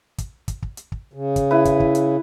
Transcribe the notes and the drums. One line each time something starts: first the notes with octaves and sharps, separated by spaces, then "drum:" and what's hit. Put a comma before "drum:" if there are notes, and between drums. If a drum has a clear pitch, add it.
drum: kick, hi-hat
drum: kick, hi-hat
drum: kick
drum: hi-hat
drum: kick
C#3
drum: kick, hi-hat
E4 B4
drum: kick, hi-hat
drum: kick
drum: hi-hat